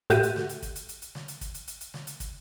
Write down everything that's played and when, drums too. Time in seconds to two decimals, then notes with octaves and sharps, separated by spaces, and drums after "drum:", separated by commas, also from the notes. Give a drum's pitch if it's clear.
0.10 A2 F#4 G4 E5 D#7, drum: hi-hat
0.23 drum: hi-hat
0.36 drum: snare
0.49 drum: hi-hat
0.62 drum: kick, hi-hat
0.76 drum: hi-hat
0.89 drum: hi-hat
1.02 drum: hi-hat
1.15 drum: snare
1.28 drum: hi-hat
1.41 drum: kick, hi-hat
1.54 drum: hi-hat
1.68 drum: hi-hat
1.81 drum: hi-hat
1.94 drum: snare
2.07 drum: hi-hat
2.20 drum: kick, hi-hat